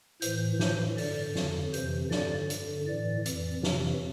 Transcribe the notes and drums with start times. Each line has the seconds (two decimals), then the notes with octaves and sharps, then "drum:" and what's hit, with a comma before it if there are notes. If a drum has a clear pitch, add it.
0.22 A2 E3 C5, drum: hi-hat
0.60 A2 E3 C5, drum: snare
0.98 G2 D3 D5, drum: open hi-hat
1.35 F2 D3, drum: snare
1.74 F2 C3 E3 C5, drum: hi-hat
2.11 G2 D3 D5, drum: snare
2.50 G2 D3, drum: hi-hat
2.87 A2 E3 D5
3.26 F2 E3, drum: hi-hat
3.63 F2 C3 E3, drum: snare